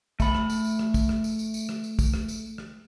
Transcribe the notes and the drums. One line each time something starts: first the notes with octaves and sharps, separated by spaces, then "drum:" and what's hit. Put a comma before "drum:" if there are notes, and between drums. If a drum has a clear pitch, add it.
A3 B5, drum: kick, tambourine
drum: rim click
drum: tambourine
drum: tambourine
drum: rim click
drum: kick, tambourine
drum: rim click
drum: tambourine
drum: tambourine
drum: tambourine
drum: rim click
drum: tambourine
drum: kick, tambourine
drum: rim click
drum: tambourine
drum: rim click